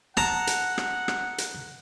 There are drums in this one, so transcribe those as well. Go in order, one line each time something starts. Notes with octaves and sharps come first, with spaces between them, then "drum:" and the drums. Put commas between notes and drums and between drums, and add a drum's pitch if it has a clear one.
F#5 A5 A#5, drum: rim click
drum: hi-hat
drum: rim click
drum: rim click
drum: hi-hat